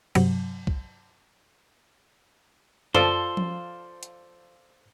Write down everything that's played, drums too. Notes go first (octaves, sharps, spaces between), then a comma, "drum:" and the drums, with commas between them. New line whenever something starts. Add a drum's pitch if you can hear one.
G2 C3 F#3, drum: cymbal
drum: kick
F3 A4 C5 D5 F5, drum: tom F#2
drum: tom F3
drum: hi-hat